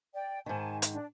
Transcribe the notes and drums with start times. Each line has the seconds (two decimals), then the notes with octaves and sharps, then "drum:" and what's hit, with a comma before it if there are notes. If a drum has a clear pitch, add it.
0.14 D5 G5
0.46 G#2 D#3 G#5 A5
0.82 drum: hi-hat
0.93 D4